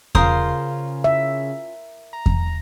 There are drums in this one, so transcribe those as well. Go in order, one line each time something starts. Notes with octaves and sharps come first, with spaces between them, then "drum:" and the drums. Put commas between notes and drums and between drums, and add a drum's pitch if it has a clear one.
C#3 C#4 F4 A#4 C5 D#6, drum: kick E2
E5
A#5
drum: kick E2